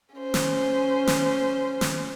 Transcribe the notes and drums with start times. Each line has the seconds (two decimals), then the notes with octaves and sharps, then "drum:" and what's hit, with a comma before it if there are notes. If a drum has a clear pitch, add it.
0.15 C#4 C5
0.34 drum: snare
1.07 drum: snare
1.81 drum: snare